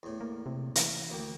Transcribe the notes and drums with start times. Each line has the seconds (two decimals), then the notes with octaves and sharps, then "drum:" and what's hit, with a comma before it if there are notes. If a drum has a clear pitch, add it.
0.03 E2 A2
0.21 A#3
0.46 C3
0.75 E3, drum: hi-hat
1.10 D2 A#3 G5